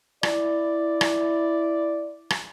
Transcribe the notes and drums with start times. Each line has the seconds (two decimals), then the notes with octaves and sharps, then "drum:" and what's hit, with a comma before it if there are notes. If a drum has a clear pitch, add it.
0.23 E4 D5, drum: rim click
1.01 drum: rim click
2.30 drum: rim click